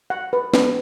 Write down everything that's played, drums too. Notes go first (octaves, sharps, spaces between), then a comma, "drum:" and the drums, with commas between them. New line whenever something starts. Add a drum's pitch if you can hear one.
F#5
B4
B3, drum: snare